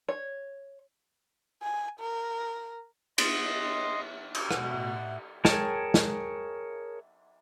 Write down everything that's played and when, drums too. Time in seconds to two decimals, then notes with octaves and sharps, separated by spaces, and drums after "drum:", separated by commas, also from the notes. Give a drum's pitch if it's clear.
0.09 C#5
1.62 G#5
2.00 A#4
3.18 D#5 C6, drum: cymbal
4.35 drum: cymbal
4.51 B2 F#5, drum: rim click
4.71 A2 E5
5.45 G#4 A#4 C#5 G5 A5, drum: snare
5.94 drum: snare